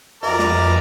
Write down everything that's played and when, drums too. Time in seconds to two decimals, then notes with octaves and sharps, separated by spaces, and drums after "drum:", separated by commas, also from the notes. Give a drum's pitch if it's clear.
0.23 F2 A#4 D5 A#5, drum: cymbal
0.39 drum: snare